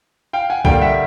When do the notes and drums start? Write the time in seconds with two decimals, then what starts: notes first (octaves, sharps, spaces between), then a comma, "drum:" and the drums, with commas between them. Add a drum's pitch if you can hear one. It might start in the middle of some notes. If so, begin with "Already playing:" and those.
0.33 F5 G5
0.50 F#5 G#5
0.65 G2 D3 G3 A#3 F5 G5, drum: kick C2
0.81 E5 F#5